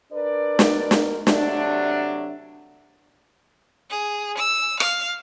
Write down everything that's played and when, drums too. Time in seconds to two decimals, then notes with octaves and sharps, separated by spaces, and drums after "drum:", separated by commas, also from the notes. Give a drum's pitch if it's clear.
0.12 D4 A#4 B4 D5
0.59 drum: snare
0.91 drum: snare
1.27 C3 F#3 A3 D4, drum: snare
3.90 G#4
4.38 E6
4.80 F5, drum: rim click